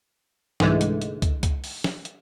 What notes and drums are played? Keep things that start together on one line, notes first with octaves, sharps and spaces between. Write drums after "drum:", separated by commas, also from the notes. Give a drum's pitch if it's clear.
C2 G#2 D3 E3 G#3 A3, drum: snare
drum: hi-hat
drum: hi-hat
drum: kick, hi-hat
drum: kick, hi-hat
drum: open hi-hat
drum: snare
drum: hi-hat